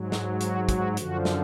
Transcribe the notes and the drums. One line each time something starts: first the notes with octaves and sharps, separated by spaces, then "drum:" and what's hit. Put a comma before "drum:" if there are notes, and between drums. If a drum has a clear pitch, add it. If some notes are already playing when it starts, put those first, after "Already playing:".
Already playing: G#2 F#3
drum: snare
F#4, drum: hi-hat
F#4, drum: kick, hi-hat
F#2 D3 F3 F#4, drum: hi-hat
drum: snare